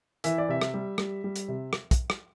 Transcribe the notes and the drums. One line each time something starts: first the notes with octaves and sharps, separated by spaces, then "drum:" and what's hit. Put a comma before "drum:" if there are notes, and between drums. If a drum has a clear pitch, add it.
E3 E5, drum: hi-hat
D5
C3 E5
drum: rim click
G3
G3, drum: rim click
G3
drum: hi-hat
C3
drum: rim click
drum: kick, hi-hat
drum: rim click